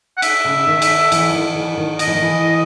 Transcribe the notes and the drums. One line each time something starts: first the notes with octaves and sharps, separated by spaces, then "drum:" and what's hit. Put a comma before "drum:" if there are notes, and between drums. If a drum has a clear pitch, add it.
F#5
E5, drum: cymbal
C#3
D#3
drum: cymbal
E3, drum: cymbal
D#3
E3
D#3
D#5, drum: cymbal
E3
D#3
E3